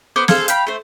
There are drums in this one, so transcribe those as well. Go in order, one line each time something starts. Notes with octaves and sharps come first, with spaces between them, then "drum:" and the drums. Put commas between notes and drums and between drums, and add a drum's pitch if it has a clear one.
B3 C5 D6
G#4 A4 C5 F5, drum: snare
F5 G5 B5, drum: hi-hat
A3 C5